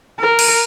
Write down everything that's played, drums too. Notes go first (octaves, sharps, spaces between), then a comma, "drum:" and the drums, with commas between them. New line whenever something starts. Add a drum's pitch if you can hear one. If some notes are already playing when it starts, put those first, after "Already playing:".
A#4
drum: cymbal